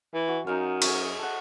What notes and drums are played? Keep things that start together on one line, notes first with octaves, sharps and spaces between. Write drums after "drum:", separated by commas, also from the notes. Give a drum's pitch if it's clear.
E3
F#4
F#2 D#4 F5
G#4 E5 C#6, drum: cymbal
A4 F#5